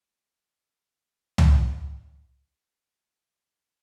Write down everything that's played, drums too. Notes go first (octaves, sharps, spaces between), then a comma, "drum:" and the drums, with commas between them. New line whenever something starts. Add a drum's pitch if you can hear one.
F4
D#4
drum: tom C#2
C#4
D#4
D#4
F4
G4
F4
C#4
D#4